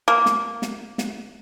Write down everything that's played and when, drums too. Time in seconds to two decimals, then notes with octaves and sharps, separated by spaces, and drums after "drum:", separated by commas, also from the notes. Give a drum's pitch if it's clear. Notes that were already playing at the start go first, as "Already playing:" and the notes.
0.08 A#3
0.26 drum: snare
0.62 drum: snare
0.98 drum: snare